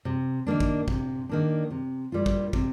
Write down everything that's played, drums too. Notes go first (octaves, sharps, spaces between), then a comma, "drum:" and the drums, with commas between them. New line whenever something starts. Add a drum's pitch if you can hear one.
C3
D#3 A#3 D4
drum: kick
C3, drum: kick
D#3 A#3 D4
C3
G3 A#3 F4
drum: kick
C3, drum: kick